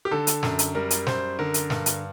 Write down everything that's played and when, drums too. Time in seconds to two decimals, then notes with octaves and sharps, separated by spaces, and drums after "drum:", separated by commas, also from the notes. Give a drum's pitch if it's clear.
0.05 G4
0.11 D3 A4
0.27 drum: hi-hat
0.43 F#2, drum: snare
0.59 drum: hi-hat
0.75 G3 A#4
0.91 drum: hi-hat
1.07 F#2 C5, drum: snare
1.39 D3 A#4
1.54 drum: hi-hat
1.70 G2, drum: snare
1.86 drum: hi-hat